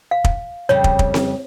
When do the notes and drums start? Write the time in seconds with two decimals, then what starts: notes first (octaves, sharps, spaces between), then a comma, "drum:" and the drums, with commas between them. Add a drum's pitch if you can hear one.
0.11 F5
0.24 drum: kick
0.69 F2 C#3 G3 C#5
0.84 drum: kick
0.99 drum: kick
1.14 drum: snare C4